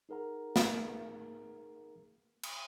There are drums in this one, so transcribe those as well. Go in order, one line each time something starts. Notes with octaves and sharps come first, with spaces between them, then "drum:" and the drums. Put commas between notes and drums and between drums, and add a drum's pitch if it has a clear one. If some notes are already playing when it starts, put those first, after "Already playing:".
D#4 G#4 A#4 F#5 A#5
drum: snare
drum: cymbal